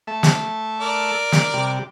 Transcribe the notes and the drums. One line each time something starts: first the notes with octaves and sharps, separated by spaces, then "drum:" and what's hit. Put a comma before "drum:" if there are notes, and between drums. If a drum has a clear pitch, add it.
A3 E5 A5
drum: snare
A#4 D5
drum: snare
C3 G3 G4